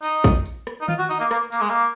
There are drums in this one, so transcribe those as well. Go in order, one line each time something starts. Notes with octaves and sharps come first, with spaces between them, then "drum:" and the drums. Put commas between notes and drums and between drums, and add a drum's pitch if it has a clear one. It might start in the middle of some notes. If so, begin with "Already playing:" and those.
D#4, drum: tambourine
drum: kick, tambourine
drum: tambourine
drum: rim click
D#4
F4, drum: tom D#3
F#4
D#4, drum: tambourine
A#3
A#3, drum: rim click
A#3, drum: tambourine
G#3
A#3